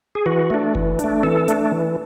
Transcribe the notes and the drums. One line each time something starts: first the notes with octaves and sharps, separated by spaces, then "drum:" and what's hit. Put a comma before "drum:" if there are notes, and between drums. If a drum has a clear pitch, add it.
G#4
E3 F#4
A3 D4
E3, drum: kick F#1
D4, drum: hi-hat
A3
E3 A4, drum: tom C4
A3 D4, drum: hi-hat
E3